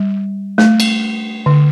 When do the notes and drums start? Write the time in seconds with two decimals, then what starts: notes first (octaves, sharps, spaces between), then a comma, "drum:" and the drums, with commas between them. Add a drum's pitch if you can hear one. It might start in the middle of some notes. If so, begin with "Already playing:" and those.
Already playing: G3
0.58 A3, drum: snare
0.80 drum: cymbal
1.46 D3